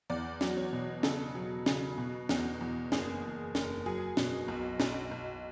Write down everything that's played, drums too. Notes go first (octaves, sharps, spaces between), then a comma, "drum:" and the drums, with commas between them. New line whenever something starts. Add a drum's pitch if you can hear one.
E2 D5
F#3, drum: snare
C#5
B2
C#3 A4, drum: snare
F#3
C#3, drum: snare
B2
E2, drum: snare
E2
F#1 G#4, drum: snare
F#1
F#1, drum: snare
F#3 G#4
B2, drum: snare
B1
B1, drum: snare
B1